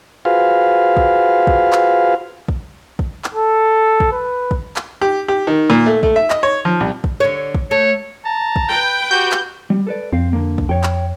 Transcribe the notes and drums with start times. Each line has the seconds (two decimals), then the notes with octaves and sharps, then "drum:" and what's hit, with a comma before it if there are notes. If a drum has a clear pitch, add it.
0.25 F4 F#4 G#4 B4 C5 F5
0.97 drum: kick
1.47 drum: kick
1.73 drum: clap
2.48 drum: kick
2.99 drum: kick
3.24 drum: clap
3.34 A4
4.00 drum: kick
4.13 B4
4.51 drum: kick
4.76 drum: clap
5.01 G4
5.28 G4
5.47 D#3
5.70 A#2
5.86 A3
6.03 A3, drum: kick
6.16 E5
6.30 D#5, drum: clap
6.43 C#5
6.65 F3
6.80 C2
7.04 drum: kick
7.20 D3 C#5
7.55 drum: kick
7.71 A3 C#5
8.25 A5 A#5
8.56 drum: kick
8.68 B4 G5
9.11 F#4 G4 G6
9.32 drum: clap
9.70 G3
9.87 A4 B4 D5
10.13 F2 C4 F5
10.33 D3 A#3
10.58 drum: kick
10.69 F2 C#5 G5
10.83 drum: clap